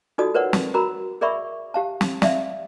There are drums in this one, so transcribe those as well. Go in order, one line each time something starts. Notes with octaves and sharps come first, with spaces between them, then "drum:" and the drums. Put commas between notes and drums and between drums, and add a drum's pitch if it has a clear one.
D#4 F4 F#4 A4 D5 D#6
A#4 B4 C#5 D5 F#5
drum: snare
F#4 A#4 A#5 B5
G#4 A#4 D5 E5 B5 C#6
G4 F5 A5
drum: snare
D5 E5 F5, drum: snare